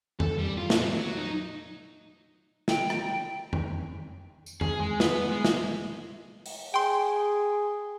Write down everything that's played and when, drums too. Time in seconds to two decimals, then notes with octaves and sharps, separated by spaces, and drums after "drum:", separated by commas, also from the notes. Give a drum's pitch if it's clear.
0.20 A4, drum: tom F2
0.38 G3
0.58 F4
0.70 A#2, drum: snare
0.92 F#3
1.17 D#4
2.68 G5, drum: snare
2.90 drum: rim click
3.53 drum: tom F2
4.46 drum: tambourine
4.61 G#4, drum: tom F2
4.80 G#3
5.00 B3, drum: snare
5.31 G#3
5.45 drum: snare
6.46 drum: open hi-hat
6.74 G#4 G5 C6